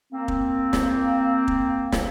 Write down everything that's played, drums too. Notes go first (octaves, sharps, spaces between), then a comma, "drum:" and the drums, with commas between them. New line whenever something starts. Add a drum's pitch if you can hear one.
A#3 C4
drum: kick
drum: snare
drum: kick
drum: snare